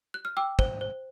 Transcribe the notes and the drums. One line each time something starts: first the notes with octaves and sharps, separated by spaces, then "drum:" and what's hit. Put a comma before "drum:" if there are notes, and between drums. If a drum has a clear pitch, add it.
F#6
F6
G5 D6 E6
C5, drum: kick
C5